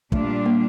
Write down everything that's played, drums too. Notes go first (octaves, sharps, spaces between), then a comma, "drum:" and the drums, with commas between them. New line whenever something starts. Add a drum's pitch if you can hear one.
A#2 G3 A3 D4 F4, drum: kick
A#3